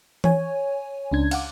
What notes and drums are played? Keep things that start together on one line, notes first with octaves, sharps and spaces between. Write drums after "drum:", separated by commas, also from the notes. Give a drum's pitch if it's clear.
C#5 G#5, drum: tom E3
C#2 C#4 D4 G#6
F5 F#5 D6, drum: cymbal